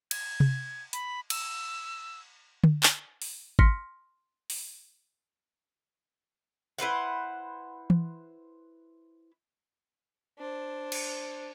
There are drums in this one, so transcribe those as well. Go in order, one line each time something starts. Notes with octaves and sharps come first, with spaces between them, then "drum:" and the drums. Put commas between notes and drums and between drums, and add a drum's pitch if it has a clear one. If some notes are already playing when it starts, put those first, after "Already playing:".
G#6, drum: cymbal
drum: tom C3
B5, drum: hi-hat
E6, drum: cymbal
drum: tom D3
drum: clap
drum: open hi-hat
C6 F6 A#6 B6 C#7, drum: kick
drum: open hi-hat
E4 B4 C5 F#5
drum: tom E3
D4 C5
drum: cymbal